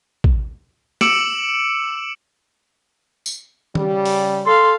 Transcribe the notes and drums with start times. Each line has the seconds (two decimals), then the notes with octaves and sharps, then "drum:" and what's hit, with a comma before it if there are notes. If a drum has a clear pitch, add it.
0.24 drum: kick
1.01 D6 E6 C#7 D7 E7 F#7, drum: snare
3.26 drum: tambourine
3.75 C#3 G3, drum: tom D#3
4.05 drum: open hi-hat
4.46 A4 F5 C6